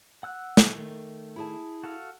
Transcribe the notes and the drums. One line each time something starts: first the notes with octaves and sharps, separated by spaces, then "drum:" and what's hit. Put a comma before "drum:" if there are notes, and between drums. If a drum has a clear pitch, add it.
F#5 E6 F#6
drum: snare
D#3 A3
E4 G#4 A5
F#4 A4 F5